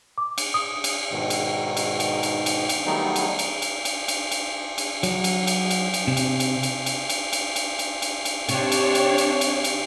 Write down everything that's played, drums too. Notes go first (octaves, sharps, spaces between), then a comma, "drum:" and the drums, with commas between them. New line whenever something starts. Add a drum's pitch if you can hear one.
D6
drum: cymbal
D#6
drum: cymbal
G#2 B2 D#3
drum: cymbal
drum: cymbal
drum: cymbal
drum: cymbal
drum: cymbal
drum: cymbal
D#3 F#3 G3 A3 B3 D#4
drum: cymbal
drum: cymbal
drum: cymbal
drum: cymbal
drum: cymbal
drum: cymbal
drum: cymbal
F#3, drum: cymbal
drum: cymbal
drum: cymbal
drum: cymbal
drum: cymbal
C3
drum: cymbal
drum: cymbal
drum: cymbal
drum: cymbal
drum: cymbal
drum: cymbal
drum: cymbal
drum: cymbal
drum: cymbal
drum: cymbal
C3 C4 D4 C#5, drum: cymbal
drum: cymbal
drum: cymbal
drum: cymbal
drum: cymbal
drum: cymbal